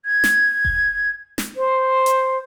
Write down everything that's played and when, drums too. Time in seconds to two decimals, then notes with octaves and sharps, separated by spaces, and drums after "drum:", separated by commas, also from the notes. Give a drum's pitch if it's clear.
0.05 G#6
0.24 drum: snare
0.65 drum: kick F1
1.38 drum: snare
1.56 C5
2.06 drum: hi-hat